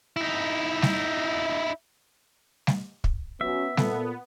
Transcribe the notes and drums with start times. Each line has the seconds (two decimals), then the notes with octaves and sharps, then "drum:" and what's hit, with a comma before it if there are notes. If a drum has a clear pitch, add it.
0.17 D#4 E4
0.82 drum: snare
2.67 drum: snare
3.04 drum: kick
3.41 F#3 B3 C#4 E5
3.77 A#2 B3 A4, drum: snare